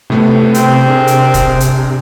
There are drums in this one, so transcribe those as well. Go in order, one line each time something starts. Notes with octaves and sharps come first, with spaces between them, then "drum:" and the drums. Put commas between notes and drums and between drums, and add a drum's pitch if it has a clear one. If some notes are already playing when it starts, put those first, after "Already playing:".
A2 C3 A3 B3
C4, drum: hi-hat
D4 G#4 A#4
drum: hi-hat
drum: kick E1, hi-hat
drum: hi-hat